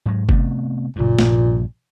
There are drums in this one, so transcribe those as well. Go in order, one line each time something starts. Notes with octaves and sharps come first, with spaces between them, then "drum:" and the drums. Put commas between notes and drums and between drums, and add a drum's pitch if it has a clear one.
G#2 F#3
C3 A3 B3, drum: kick G1
F#1 G2 A#2
A#1 G2 C3, drum: snare A3